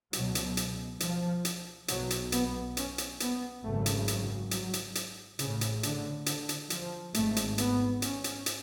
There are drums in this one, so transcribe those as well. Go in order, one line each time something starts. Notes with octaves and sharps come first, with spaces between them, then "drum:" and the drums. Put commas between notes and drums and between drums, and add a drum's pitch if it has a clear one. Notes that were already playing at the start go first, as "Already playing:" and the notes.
C#2 B2 F#3, drum: hi-hat
drum: hi-hat
drum: hi-hat
F3, drum: hi-hat
drum: hi-hat
B1 B2 F#3, drum: hi-hat
drum: hi-hat
B3, drum: hi-hat
C#4, drum: hi-hat
drum: hi-hat
B3, drum: hi-hat
G#1 F#2 C#3 A3
drum: hi-hat
F#3, drum: hi-hat
F#3, drum: hi-hat
drum: hi-hat
drum: hi-hat
A1 A2 C#3, drum: hi-hat
drum: hi-hat
D3, drum: hi-hat
D3, drum: hi-hat
drum: hi-hat
F3, drum: hi-hat
G#1 G#2 A3, drum: hi-hat
drum: hi-hat
B3, drum: hi-hat
C#4, drum: hi-hat
drum: hi-hat
drum: hi-hat